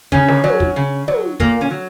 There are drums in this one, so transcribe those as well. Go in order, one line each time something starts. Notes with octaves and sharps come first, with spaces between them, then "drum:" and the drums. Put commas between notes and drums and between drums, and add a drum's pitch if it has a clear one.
C#3 C#4, drum: kick
drum: snare
F#3, drum: tom
drum: kick
C#3
F#3, drum: tom
A#2 A#3, drum: kick
C#4
F#3